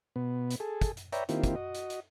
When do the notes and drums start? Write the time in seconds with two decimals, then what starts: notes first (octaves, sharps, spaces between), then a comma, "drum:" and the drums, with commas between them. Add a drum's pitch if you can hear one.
0.16 B2 B3
0.50 drum: hi-hat
0.60 G#4 A4
0.82 drum: kick, hi-hat
0.97 drum: hi-hat
1.13 B4 C#5 D5 E5 G5 A#5, drum: hi-hat
1.29 D#3 A#3 C4 E4 F4 G4, drum: hi-hat
1.44 drum: kick, hi-hat
1.56 F#4 D#5
1.75 drum: hi-hat
1.90 drum: hi-hat